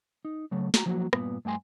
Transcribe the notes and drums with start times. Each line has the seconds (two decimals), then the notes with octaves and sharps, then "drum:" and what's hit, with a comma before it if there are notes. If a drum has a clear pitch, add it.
0.25 D#4
0.51 C#3 F#3 A3
0.74 A3 F#4 A#5, drum: snare
0.86 F3 F#3 A#3 F#4
1.13 G2 A#2 B3, drum: rim click
1.45 G2 A3 G5 G#5 C6